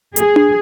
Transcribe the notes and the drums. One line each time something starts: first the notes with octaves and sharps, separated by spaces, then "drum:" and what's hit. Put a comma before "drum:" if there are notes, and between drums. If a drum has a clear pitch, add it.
G#4, drum: hi-hat
drum: tom D4